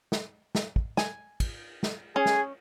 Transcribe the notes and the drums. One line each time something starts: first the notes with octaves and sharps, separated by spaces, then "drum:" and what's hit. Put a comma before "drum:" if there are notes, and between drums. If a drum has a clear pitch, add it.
drum: snare
drum: snare
drum: kick
G#5, drum: snare
drum: kick, cymbal
drum: snare
C#4 G#4
drum: snare